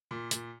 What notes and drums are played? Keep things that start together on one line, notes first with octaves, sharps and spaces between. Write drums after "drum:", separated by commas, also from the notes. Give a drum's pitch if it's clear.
A#2
A#2, drum: hi-hat